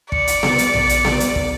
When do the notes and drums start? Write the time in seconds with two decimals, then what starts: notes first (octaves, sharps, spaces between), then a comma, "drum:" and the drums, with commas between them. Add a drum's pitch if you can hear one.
0.12 D5 C#7, drum: kick
0.27 drum: hi-hat
0.43 drum: snare B3
0.58 drum: hi-hat
0.74 drum: tom A#1
0.89 drum: hi-hat
1.05 drum: snare B3
1.20 drum: hi-hat
1.36 drum: kick